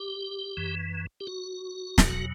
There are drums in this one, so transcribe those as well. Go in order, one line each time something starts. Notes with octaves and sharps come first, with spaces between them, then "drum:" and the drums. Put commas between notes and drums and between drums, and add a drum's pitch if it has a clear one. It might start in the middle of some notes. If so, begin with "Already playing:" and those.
Already playing: G4
F#2 E3
G4
F#4
E2 B2 F#3, drum: snare